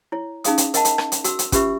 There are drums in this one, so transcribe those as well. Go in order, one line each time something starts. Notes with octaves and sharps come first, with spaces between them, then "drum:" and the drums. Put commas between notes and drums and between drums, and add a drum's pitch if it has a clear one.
E4 C#5
C#4 D#4 G#4 F5 D#6, drum: hi-hat
drum: hi-hat
A#4 D#5 F#5 A5, drum: hi-hat
drum: hi-hat
drum: rim click
drum: hi-hat
F#4 E6, drum: hi-hat
drum: hi-hat
C#4 F4 G4 B4 E5 C#6, drum: kick, hi-hat